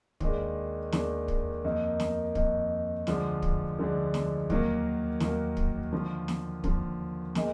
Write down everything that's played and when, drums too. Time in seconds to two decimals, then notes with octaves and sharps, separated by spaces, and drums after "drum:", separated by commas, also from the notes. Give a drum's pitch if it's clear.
0.20 D#2 D#3 G#3 D4, drum: kick
0.92 D#2 D#3 G#3 D4, drum: snare
1.28 drum: kick
1.64 F2 D#3 A#3 D#4
2.00 drum: snare
2.35 F2 D#3 A#3 D#4, drum: kick
3.07 D2 D3 F3 G#3 D4, drum: snare
3.42 drum: kick
3.78 D2 D3 F3 G#3 D4
4.14 drum: snare
4.50 D#2 D#3 F#3 A#3, drum: kick
5.20 D#2 D#3 F#3 A#3, drum: snare
5.57 drum: kick
5.93 D#2 D3 F3
6.28 drum: snare
6.64 D#2 D3 F3, drum: kick
7.35 A#2 G#3 D#4, drum: snare